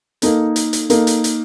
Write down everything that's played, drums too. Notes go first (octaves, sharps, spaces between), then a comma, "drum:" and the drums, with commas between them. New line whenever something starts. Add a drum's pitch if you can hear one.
A#3 D#4 A4, drum: hi-hat
drum: hi-hat
drum: hi-hat
A#3 D#4 A4, drum: hi-hat
drum: hi-hat
drum: hi-hat